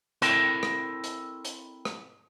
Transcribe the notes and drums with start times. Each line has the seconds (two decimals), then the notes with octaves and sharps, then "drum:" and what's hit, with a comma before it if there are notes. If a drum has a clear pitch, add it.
0.22 C4 E4 A4 A#4 G5 A5, drum: hi-hat
0.63 drum: rim click
1.04 drum: hi-hat
1.45 drum: hi-hat
1.85 drum: rim click